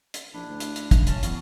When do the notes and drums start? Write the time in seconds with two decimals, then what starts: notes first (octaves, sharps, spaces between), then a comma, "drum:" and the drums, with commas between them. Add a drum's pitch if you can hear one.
0.14 drum: hi-hat
0.33 A#1 D4 E4
0.49 D2
0.60 drum: hi-hat
0.76 drum: hi-hat
0.91 drum: kick, hi-hat
1.07 C#4 A5, drum: hi-hat
1.23 E2 B3 F#4, drum: hi-hat